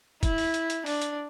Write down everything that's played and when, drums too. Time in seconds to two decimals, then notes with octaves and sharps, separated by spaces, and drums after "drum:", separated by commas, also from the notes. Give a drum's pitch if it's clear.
0.23 E4, drum: kick, hi-hat
0.38 drum: open hi-hat
0.54 drum: hi-hat
0.70 drum: hi-hat
0.86 D4, drum: open hi-hat
1.02 drum: hi-hat